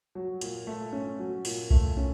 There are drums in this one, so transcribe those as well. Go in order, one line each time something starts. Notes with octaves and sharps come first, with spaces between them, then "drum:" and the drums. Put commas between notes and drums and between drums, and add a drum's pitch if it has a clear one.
F#3
A#2, drum: hi-hat
A3
C#4
F#3
A#2, drum: open hi-hat
A3, drum: kick B1
C#4